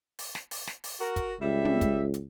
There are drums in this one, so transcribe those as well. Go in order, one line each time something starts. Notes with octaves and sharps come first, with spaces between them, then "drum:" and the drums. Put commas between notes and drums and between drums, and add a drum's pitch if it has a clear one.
drum: open hi-hat
drum: snare
drum: open hi-hat
drum: snare
drum: open hi-hat
F#4 A#4
drum: kick, hi-hat
C#2 G3 E5
drum: tom
drum: kick, hi-hat
drum: hi-hat